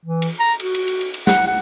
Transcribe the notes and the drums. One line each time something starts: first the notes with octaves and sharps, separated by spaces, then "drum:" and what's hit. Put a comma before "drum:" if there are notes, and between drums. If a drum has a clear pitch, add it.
E3
drum: cymbal
A#5
F#4, drum: cymbal
drum: cymbal
drum: cymbal
drum: cymbal
drum: cymbal
F#5, drum: snare
F#5